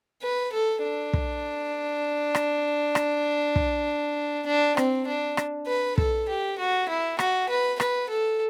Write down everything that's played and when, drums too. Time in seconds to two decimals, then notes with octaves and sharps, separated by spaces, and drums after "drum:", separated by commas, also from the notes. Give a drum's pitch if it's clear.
0.22 B4
0.53 A4
0.83 D4
1.13 drum: kick
2.35 drum: rim click
2.95 drum: rim click
3.56 drum: kick
4.46 D4
4.77 C4, drum: rim click
5.07 D4
5.37 drum: rim click
5.67 B4
5.98 A4, drum: kick
6.28 G4
6.58 F#4
6.89 E4
7.19 F#4, drum: rim click
7.49 B4
7.80 B4, drum: rim click
8.09 A4